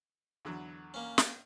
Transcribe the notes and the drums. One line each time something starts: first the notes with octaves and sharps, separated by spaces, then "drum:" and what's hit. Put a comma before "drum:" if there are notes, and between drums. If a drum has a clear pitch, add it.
E2 D3 F#3
A#3 C#4
drum: snare